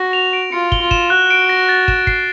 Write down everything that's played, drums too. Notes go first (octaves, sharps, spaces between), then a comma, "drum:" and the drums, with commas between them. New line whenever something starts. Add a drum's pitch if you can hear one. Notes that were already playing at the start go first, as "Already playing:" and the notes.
Already playing: F#4 A#6
F7
D7
F4 C#7
G7, drum: kick
F4
E7, drum: kick
F#4 F#6
D7
A#6
A6
E7, drum: kick
C7, drum: kick